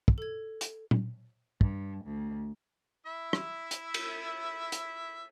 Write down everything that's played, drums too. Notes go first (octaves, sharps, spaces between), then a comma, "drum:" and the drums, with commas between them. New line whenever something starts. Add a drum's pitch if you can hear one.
drum: kick
A4 G#6
drum: hi-hat
drum: tom A#2
G2, drum: kick
D2
E4 E5
drum: rim click
drum: hi-hat
drum: cymbal
drum: hi-hat